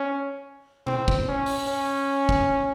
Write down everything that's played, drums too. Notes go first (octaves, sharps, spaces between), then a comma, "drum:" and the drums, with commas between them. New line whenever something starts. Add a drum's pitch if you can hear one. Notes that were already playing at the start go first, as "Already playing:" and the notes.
Already playing: C#4
C4, drum: tom B2
drum: kick
C#4
drum: open hi-hat
C#4
drum: kick